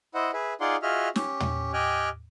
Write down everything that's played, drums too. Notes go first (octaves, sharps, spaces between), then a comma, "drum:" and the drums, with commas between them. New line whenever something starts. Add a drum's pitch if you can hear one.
E4 C5 D#5 F#5
G#4 B4 E5
D#4 F4 G#4 D5 F#5 C6
F4 F#4 G#4 D#5 E5 F6
C#4 G4, drum: snare
drum: tom
G4 D#5 G5 G#5 F6 F#6